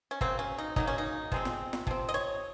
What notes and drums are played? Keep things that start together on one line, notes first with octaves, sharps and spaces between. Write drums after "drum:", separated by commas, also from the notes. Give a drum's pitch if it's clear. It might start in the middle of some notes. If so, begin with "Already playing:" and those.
C#4
C#3 F#3 A#3 C4, drum: kick
C#4
D#4
C#3 F#3 A#3 D#4, drum: kick
C#4
D#4
C3 F3 G#3 C4, drum: kick
drum: snare
drum: snare
C3 F3 C4, drum: kick
D#5
C#5